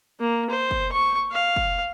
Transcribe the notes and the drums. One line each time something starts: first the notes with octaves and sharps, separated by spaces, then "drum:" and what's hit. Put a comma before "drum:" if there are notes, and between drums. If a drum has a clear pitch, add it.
A#3
C5
drum: kick
C#6
F5
drum: kick